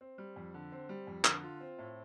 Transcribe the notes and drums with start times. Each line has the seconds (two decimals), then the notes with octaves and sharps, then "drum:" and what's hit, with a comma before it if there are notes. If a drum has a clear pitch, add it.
0.01 C4
0.18 G3
0.36 F2
0.54 D3
0.72 C4
0.89 G3
1.07 F2
1.25 D3, drum: clap
1.43 F4
1.61 C4
1.79 A2